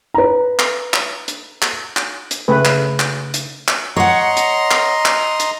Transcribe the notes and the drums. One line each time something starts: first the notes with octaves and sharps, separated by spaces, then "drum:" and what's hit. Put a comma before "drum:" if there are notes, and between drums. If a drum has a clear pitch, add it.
B4 A#5
drum: clap
drum: clap
drum: hi-hat
drum: clap
drum: clap
drum: hi-hat
C#3 A3 B4
drum: clap
drum: clap
drum: hi-hat
drum: clap
C#5 D#5 F#5 A#5 C6
drum: hi-hat
drum: clap
drum: clap
drum: hi-hat